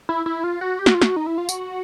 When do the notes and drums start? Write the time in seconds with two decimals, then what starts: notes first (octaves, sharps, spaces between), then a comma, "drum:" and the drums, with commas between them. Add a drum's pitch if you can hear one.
0.09 E4
0.26 E4
0.44 F4
0.61 F#4
0.79 G4
0.86 F#4, drum: snare
0.94 F4
1.02 F#4, drum: snare
1.16 D#4
1.26 E4
1.38 F4
1.49 F#4, drum: tambourine